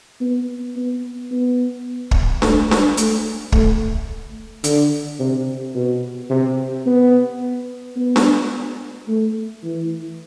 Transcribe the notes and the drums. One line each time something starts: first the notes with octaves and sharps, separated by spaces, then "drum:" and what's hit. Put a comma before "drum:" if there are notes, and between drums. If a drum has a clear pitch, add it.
B3
B3
B3
drum: kick
A3, drum: snare D4
drum: snare D4
A3, drum: hi-hat
A3, drum: kick
D3, drum: hi-hat
C3
B2
C3
B3
B3
drum: snare D4
A3
E3